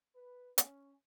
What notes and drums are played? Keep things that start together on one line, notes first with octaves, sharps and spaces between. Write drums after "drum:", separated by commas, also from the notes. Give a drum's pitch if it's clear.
B4
C#4, drum: hi-hat